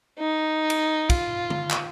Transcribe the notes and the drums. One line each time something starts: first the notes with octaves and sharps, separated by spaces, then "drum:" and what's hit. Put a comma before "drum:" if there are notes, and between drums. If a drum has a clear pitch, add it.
D#4
drum: cymbal
F4, drum: kick, cymbal
drum: tom D3
drum: clap